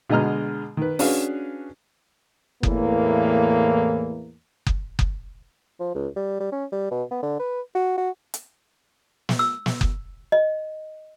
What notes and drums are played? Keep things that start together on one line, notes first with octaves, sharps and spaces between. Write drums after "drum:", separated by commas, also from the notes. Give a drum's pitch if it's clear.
B2 D3 G#3 D#5 A#5 F6
D#3 B4
C#4 D4 F#4 G#4 B4 F5, drum: open hi-hat
E2 A2 E3 A#3, drum: kick F#1
drum: kick F#1
drum: kick F#1
F3
C#2
G3
G3
C#4
G3
B2
B3
D3
B4
F#4
F#4
drum: hi-hat
drum: snare
E6
drum: snare
drum: kick F#1
D#5